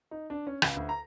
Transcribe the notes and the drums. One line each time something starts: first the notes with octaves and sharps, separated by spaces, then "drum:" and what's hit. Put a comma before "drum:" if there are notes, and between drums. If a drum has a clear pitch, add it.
D#4
D4
C#4
C#2, drum: rim click
D2
A#5